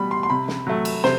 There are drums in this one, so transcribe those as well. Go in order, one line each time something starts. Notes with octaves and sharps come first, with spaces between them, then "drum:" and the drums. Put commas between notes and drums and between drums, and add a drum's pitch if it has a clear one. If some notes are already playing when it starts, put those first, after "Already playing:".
Already playing: B2 G3 B5
C6
C6
C3 B5
drum: snare
F#3 A3
drum: cymbal
C3 C5, drum: snare